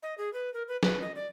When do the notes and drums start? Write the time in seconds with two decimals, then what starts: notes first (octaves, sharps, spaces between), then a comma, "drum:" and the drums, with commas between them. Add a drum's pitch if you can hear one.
0.03 D#5
0.18 G#4
0.33 B4
0.54 A#4
0.68 B4
0.83 B4, drum: snare
1.02 D#5
1.15 D5